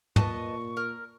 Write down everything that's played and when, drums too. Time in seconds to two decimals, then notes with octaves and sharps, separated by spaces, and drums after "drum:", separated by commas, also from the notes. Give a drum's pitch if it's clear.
0.16 A#2 B4 D#5 A5 C#6, drum: tom
0.77 A#4